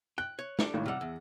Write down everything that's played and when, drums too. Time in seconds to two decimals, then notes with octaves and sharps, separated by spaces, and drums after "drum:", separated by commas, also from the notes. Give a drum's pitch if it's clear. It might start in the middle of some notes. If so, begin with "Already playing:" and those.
0.18 G5 F#6
0.39 C#5
0.59 G3 D4 A4, drum: snare
0.74 G#1 A2 D#3
0.86 C3 G3 F#5 E6 F6
1.01 E2